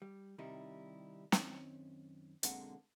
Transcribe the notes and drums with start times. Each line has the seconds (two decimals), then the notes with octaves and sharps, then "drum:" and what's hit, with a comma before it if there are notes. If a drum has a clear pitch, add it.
0.02 G3
0.38 C3 D#3 G3 D#4 E4
1.32 F#2 D#3 C4 C#4, drum: snare
2.43 B1 D3 G#3 A#3 C4 F#5, drum: hi-hat